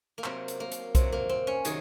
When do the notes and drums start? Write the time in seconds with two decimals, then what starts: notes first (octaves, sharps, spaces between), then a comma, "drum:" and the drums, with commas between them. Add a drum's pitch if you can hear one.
0.18 A#3
0.24 C3 F#3 C4, drum: clap
0.48 drum: hi-hat
0.60 A#3
0.72 drum: hi-hat
0.95 C3 F#3 C4, drum: kick B1, hi-hat
1.12 A#3
1.29 C4
1.47 C#4
1.65 C3 D#3 F#3 G#4, drum: hi-hat